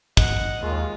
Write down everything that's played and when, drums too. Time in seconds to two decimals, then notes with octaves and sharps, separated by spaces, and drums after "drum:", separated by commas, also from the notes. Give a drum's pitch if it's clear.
0.17 D#5 F#5, drum: kick
0.63 D#2 G#3 F4